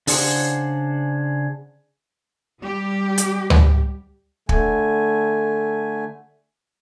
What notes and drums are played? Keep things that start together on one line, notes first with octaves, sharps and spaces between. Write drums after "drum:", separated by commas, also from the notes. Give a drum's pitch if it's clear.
C#3 D4 G#4 C5 F#5, drum: open hi-hat
G3 G4
drum: hi-hat
drum: tom D2
D3 A3 G#5, drum: kick